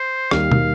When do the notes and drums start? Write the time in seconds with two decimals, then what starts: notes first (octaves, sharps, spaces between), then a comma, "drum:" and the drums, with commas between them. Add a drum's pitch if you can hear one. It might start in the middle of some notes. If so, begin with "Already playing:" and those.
Already playing: C5
0.31 D#2 D#3 G3 F5, drum: rim click
0.52 drum: tom B2